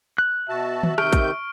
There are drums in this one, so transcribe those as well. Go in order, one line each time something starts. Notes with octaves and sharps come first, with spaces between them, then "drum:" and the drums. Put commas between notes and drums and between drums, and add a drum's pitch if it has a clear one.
F#6
B2 F#4 E5 A5
drum: tom D#3
C3 D#3 C#6 F6 G6 D7, drum: rim click
drum: kick, hi-hat